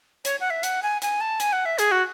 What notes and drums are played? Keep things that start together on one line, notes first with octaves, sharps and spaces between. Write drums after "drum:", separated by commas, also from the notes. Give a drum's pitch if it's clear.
C#5, drum: hi-hat
F#5
E5
F#5, drum: hi-hat
G#5
G#5, drum: hi-hat
A5
G#5, drum: hi-hat
F#5
E5
G#4, drum: hi-hat
F#4